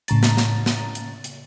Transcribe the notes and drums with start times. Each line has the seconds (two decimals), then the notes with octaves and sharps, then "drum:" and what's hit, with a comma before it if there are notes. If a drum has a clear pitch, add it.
0.08 A2 C#3 A#5 A6, drum: hi-hat
0.23 drum: snare
0.37 drum: snare
0.66 drum: snare
0.95 drum: hi-hat
1.24 drum: hi-hat